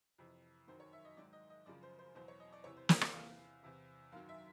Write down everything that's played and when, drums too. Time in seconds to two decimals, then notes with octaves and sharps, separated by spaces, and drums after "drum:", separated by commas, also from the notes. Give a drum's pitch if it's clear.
0.18 F2 C3 E3
0.67 F#2 D#3 F#3 C5
0.80 C#5
0.93 E5
1.05 D#5
1.17 G#2 D#3 F#3 D5
1.33 D#5
1.50 D#5
1.66 F#2 C#3 F3 D5
1.83 C5
1.99 C5
2.15 E2 B2 F#3 C5
2.28 C#5
2.40 D#5
2.53 D5
2.64 E2 C3 E3 C#5
2.77 C5
2.89 C5, drum: snare
3.01 D5, drum: rim click
3.14 E2 C3 E3 F5
3.63 E2 C3 E3
4.12 F#2 D#3 F#3 F5
4.29 E5